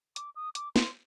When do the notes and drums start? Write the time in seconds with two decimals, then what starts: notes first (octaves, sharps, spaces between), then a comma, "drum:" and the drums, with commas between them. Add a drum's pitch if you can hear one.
0.16 D6, drum: hi-hat
0.36 D#6
0.55 D6, drum: hi-hat
0.76 C6, drum: snare